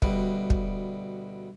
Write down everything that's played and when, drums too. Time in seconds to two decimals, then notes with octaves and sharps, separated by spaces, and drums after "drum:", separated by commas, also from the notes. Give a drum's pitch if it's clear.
0.02 D2 B2 G3, drum: kick
0.50 drum: kick